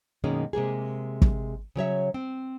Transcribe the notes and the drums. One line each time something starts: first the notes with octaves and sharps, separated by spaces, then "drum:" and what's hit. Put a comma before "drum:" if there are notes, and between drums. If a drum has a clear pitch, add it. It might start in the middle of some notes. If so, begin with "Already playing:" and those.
F#2 B2 D#3 G#3 A#3 C#4
C3 G#3 A#3 G#4
drum: kick
C#3 F#3 C#5 E5
C4